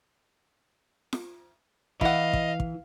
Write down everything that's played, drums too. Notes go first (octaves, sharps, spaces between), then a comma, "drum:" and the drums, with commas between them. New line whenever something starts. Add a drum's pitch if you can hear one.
drum: snare F4
E3 E4 D#5 F5 F#5, drum: kick
drum: kick
drum: kick